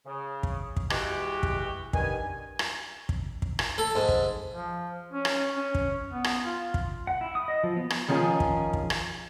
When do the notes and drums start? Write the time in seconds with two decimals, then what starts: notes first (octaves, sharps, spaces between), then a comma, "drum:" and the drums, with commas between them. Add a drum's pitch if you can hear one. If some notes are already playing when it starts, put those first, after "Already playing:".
0.06 C#3
0.43 drum: kick
0.77 drum: kick
0.90 E3 G#3 F#4 G4, drum: rim click
1.43 drum: kick
1.93 G2 D#3 G#5, drum: kick
2.59 drum: rim click
3.09 drum: kick
3.42 drum: kick
3.59 drum: rim click
3.78 A4
3.96 G#2
4.09 drum: kick
4.53 F3
5.12 C#4
5.25 drum: rim click
5.55 C#4
5.75 drum: kick
6.12 B3
6.24 drum: rim click
6.44 F4
6.74 drum: kick
7.07 F#5
7.21 E4
7.35 D#6
7.48 D#5
7.64 F3
7.77 B3
7.90 drum: rim click
8.08 D#3 F3 C#4 G#4 D#5 G#5
8.40 drum: kick
8.73 drum: kick
8.90 drum: rim click